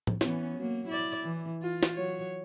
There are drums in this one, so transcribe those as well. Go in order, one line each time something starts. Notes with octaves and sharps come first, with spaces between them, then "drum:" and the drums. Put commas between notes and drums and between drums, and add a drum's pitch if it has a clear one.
drum: tom A2
E3 B3 C#4, drum: snare
F#3 A#3
E4 D5
E3
F4
drum: snare
F#3 C#5